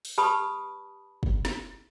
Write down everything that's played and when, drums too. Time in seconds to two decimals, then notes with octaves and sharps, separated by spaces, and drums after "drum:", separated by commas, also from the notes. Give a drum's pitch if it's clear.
0.05 drum: open hi-hat
0.18 G4 B4 A5 B5 D#6
1.23 drum: kick
1.45 drum: snare